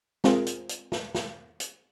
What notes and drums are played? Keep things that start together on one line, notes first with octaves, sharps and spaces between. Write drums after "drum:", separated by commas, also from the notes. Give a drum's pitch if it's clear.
G#3 C4 F4 G#4 A#4, drum: snare
drum: hi-hat
drum: hi-hat
drum: snare
drum: snare
drum: hi-hat